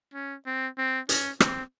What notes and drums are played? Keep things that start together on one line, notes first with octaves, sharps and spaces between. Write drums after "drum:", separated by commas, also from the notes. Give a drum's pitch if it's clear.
C#4
C4
C4
C#4, drum: hi-hat
C4, drum: rim click